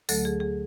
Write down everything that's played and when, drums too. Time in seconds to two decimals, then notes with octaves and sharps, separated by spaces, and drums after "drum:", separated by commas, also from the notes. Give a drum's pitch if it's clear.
0.09 D2 D3 F#3 A3 A4, drum: tambourine
0.25 G#4
0.40 G#4